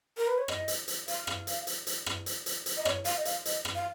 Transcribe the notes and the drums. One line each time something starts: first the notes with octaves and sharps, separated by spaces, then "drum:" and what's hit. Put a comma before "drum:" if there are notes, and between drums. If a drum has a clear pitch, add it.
A#4
B4
C#5
D#5, drum: rim click
drum: hi-hat
drum: hi-hat
F5, drum: hi-hat
drum: rim click
drum: hi-hat
drum: hi-hat
drum: hi-hat
drum: rim click
drum: hi-hat
drum: hi-hat
drum: hi-hat
D#5
C#5, drum: rim click
F5, drum: hi-hat
D#5
F5, drum: hi-hat
D#5, drum: hi-hat
drum: rim click
F5